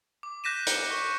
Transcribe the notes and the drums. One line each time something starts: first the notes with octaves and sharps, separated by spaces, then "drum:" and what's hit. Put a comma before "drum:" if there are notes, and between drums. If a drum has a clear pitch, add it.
D6
F#6 G6 A#6 B6 D#7 E7
C#7, drum: hi-hat
C#6